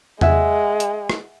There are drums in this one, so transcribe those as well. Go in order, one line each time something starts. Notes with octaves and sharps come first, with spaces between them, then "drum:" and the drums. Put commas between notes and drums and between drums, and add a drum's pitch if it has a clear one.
G#3 E5 F#5 G#5, drum: tom E2
drum: hi-hat
drum: rim click